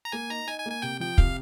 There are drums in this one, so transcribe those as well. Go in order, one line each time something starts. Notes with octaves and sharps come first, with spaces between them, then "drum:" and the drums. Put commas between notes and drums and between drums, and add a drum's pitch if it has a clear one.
A#5
A#3 G#5
D#4 A#5
D#4 G#5
G#5
A#3
G#5
C3 G5
F3 G5
C3 F5, drum: kick